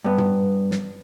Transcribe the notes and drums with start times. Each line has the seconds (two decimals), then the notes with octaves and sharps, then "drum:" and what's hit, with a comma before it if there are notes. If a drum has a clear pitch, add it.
0.04 G2 B3
0.18 drum: tom
0.71 drum: snare